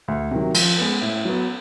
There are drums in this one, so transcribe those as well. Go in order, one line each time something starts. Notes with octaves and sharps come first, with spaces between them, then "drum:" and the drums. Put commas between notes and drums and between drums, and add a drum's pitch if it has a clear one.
D2
C3 D#3 F#3
F3, drum: cymbal
G#3 B3
A2
F#3 B3